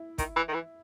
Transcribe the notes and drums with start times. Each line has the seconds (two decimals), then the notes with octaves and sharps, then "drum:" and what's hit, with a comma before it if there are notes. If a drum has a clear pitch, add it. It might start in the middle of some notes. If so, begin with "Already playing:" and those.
Already playing: E4
0.18 D#3, drum: kick, hi-hat
0.36 E3
0.48 D#3
0.54 E3